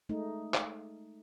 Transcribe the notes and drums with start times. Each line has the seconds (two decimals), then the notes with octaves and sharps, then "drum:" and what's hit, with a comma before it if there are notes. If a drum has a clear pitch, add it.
0.09 G#3 A3 D#4
0.54 drum: clap